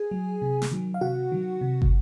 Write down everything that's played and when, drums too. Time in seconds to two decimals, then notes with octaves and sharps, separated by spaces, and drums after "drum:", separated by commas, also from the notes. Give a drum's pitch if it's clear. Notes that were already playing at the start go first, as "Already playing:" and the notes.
Already playing: G#4 G#5
0.11 F#3
0.42 C3
0.62 drum: snare
0.71 D#3 F#3
0.94 F5
1.01 C3 F#4 F#5
1.32 D#3 F#3
1.61 C3
1.82 drum: kick